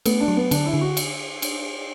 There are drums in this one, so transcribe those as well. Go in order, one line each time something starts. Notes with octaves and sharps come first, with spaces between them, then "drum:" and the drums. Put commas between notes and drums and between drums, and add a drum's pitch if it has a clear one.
A3 B3, drum: cymbal
D4
F#3
B3
D3 D4, drum: cymbal
E4
D3
F#4
drum: cymbal
drum: cymbal